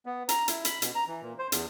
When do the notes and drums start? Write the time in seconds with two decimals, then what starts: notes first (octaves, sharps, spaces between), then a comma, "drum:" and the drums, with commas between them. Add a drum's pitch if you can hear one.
0.06 B3
0.29 A#5, drum: hi-hat
0.48 E4, drum: hi-hat
0.65 B5, drum: hi-hat
0.82 B2, drum: hi-hat
0.95 A#5
1.07 E3
1.22 A#2
1.39 C5
1.52 E2, drum: hi-hat